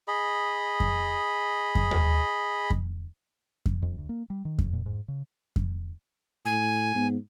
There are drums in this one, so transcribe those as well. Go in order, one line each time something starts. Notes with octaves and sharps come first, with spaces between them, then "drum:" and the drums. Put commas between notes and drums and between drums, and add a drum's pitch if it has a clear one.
G#4 D#5 B5
drum: kick F2
drum: kick F2
drum: tom D#2
drum: kick F2
drum: kick F2
F2
D2
A#3
G3
D#3
E2, drum: kick F2
A#2
G#2
C#3
drum: kick F2
A2 G#5
G#2 B3